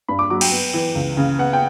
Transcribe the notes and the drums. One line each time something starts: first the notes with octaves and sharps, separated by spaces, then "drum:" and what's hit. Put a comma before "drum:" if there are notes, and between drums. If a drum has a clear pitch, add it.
G2 B5
D6
F#3 D6
G5, drum: cymbal
B3
E3
C#2
C#3
B3 F#5
G5